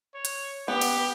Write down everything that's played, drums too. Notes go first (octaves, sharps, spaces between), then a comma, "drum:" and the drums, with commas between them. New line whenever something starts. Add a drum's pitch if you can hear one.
C#5
drum: hi-hat
B3 G4
drum: cymbal